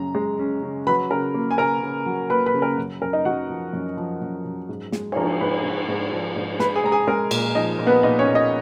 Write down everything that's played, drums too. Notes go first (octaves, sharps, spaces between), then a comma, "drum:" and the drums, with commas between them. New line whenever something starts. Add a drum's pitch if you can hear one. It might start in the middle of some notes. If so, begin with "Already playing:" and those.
Already playing: F#2 C#3 A#5
G#3
C#4
C#3
F#3 B4 B5
C#3 A#4 A#5
A#3
G#5
C#3 A#4 A#5
C#3
F#3
A#3 B4 B5
B4 B5
C#3
A#4 A#5
F#2
F#2 A#4 A#5
D#4 D#5
F#2 F#4 F#5
F3
F#2
F3
F#2
F#2
G#2
G#3, drum: snare
G#5, drum: cymbal
F3 A#4 A#5
G#2 B4 B5
G#2
G#2
F3
G#2
G#3 B4 B5, drum: snare
G#4 G#5
G#3 A#5
G#4 G#5
G#3 A#4 A#5
A#2, drum: cymbal
F3 D#4 D#5
A#2
B3 B4
A#2 D#4 D#5
C#4 C#5
A#2
D#4 D#5